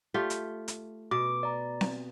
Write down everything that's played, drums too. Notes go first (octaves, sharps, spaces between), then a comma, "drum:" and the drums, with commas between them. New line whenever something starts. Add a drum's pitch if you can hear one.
A3 F4 G4
drum: hi-hat
drum: hi-hat
B2 D6
D5 A#5
drum: snare C4